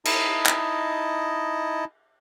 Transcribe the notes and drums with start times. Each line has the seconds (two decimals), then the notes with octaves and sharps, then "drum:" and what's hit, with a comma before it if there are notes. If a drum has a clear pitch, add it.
0.05 D#4 E4 D#5 A5, drum: cymbal
0.46 drum: clap